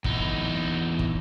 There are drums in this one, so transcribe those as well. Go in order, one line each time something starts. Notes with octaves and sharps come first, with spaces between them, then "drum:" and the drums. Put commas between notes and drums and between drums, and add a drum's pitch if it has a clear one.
E2 D#4, drum: kick
drum: kick